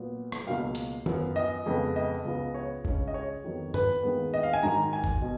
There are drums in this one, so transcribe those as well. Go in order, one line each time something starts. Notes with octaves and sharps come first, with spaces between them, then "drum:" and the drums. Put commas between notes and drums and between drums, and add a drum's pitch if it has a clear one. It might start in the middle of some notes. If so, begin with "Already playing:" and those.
Already playing: A#2 F#3 B3
drum: rim click
C#2 B2 F#3 A#3 F5
drum: hi-hat
F#2 F3 B3, drum: tom D#3
D#5
F2 C#3 G#3 B3
D#5
C#2 C#3 F3 B3
C#5
C#2 C#3 G#3 C#4, drum: kick
D#5
C#5
F2 D#3 F#3 B3
B4, drum: tom G2
D#2 D#3 G#3 B3
D#5
F5
G#5
G#2 D#3 F#3 A#5
G#5
drum: kick
B2